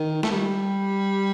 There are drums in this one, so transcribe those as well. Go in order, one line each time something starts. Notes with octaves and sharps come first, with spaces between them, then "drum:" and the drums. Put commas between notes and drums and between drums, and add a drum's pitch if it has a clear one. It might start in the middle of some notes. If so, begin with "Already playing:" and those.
Already playing: D#3
A3, drum: snare
G3